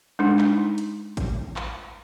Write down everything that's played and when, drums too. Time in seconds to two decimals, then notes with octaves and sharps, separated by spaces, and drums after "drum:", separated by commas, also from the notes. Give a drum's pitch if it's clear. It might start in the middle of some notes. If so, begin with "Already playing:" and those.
0.19 G#3 D4 D#4
0.39 drum: clap
0.78 drum: hi-hat
1.17 drum: kick A1, hi-hat
1.56 drum: clap